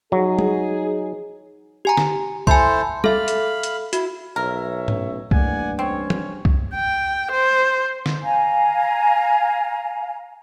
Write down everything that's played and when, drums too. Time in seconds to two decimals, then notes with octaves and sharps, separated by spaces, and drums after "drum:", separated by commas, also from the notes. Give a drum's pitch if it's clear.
0.12 F#3 D#4 G#4
0.39 drum: tom
1.85 G4 G#5 A#5
1.97 drum: snare
2.47 E4 A4 C5 G#5 C6, drum: kick C2
3.04 A4 E5 F5 B5, drum: tom
3.28 drum: hi-hat
3.63 drum: hi-hat
3.93 E4 F#4, drum: hi-hat
4.36 B1 A#4 C#5 E5
4.88 A2 C#4, drum: tom G#2
5.31 G2 E3 A3 A#3 D5 F#5 G#5, drum: kick C2
5.79 C4 C#4 C#5
6.10 drum: tom
6.45 drum: kick C2
6.74 G5
7.32 C5
8.06 drum: snare
8.22 F5 G#5 A#5